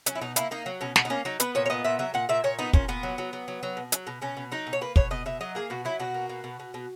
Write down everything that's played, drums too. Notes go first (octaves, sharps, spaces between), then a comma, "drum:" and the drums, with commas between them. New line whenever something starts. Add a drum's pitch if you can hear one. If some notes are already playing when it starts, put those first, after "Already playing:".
F#3 C#4, drum: hi-hat
E4
B2 D#4
A#3 E4, drum: hi-hat
A#3 D#4
F#3
B2 C#4
B2 B3, drum: snare
D#4
A#3 C#4
F#3 D#4
B3 B4, drum: hi-hat
A#2 C#5
C#5
B3 D#5
A#2 E5
F#3 E5
A#2 F#5
A#2 E5
A#2 C#5
B3 D#4
A#2 C#4, drum: kick
A#2 B3
F#3
F#3
F#3
F#3
F#3
B2
F#3, drum: hi-hat
B2
B2 C#4
B2
F#3 D#4
B2
C#5
A#3 B4
B2 C#5, drum: kick
B2 D#5
B2 E5
F#3 D#5
A#3 G#4
B2 F#4
F#3 E4
B2 F#4
A#3
B2
B2
B2
B2